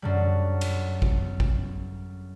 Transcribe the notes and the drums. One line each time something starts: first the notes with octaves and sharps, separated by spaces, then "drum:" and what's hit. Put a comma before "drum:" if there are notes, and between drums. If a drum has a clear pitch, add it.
F#2 D3 G3
drum: cymbal
drum: kick G#1
drum: kick G#1